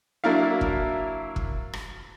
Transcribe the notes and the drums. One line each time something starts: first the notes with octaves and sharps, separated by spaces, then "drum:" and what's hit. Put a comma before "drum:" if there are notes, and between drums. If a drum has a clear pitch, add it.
F#3 A#3 D4 E4 F5
drum: kick
drum: kick
drum: rim click